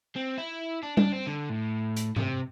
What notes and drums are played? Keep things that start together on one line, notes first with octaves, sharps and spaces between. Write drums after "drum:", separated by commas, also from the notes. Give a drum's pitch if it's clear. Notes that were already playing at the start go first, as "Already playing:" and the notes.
C4
E4
D4
D4, drum: tom G3
C4
D3
A2
drum: hi-hat
C3, drum: tom G#2